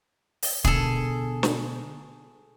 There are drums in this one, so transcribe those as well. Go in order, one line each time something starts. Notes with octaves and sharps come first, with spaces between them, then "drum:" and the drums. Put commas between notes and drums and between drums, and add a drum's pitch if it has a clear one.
drum: open hi-hat
B2 D3 G#4 A4, drum: kick
drum: snare